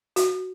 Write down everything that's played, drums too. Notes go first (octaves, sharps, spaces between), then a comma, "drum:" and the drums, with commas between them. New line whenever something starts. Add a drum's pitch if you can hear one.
F#4, drum: hi-hat